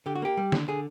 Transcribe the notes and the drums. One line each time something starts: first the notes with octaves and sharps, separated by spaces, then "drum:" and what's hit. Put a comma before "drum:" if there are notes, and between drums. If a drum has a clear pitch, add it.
D3 G4
F#4
A#3 G4
G3
D3, drum: snare
D3 G#4